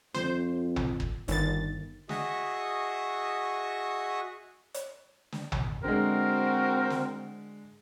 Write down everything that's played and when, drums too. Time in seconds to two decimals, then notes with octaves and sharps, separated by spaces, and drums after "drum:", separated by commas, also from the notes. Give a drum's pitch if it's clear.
0.15 F2 C5, drum: snare
0.76 drum: tom
1.00 drum: kick
1.28 G1 D#3 A6, drum: hi-hat
2.09 F#4 G#4 D#5 E5 C#6 D#6, drum: snare
4.74 drum: hi-hat
5.32 drum: snare
5.52 drum: tom
5.84 D3 G#3 C4 F#4 A#4
6.90 drum: snare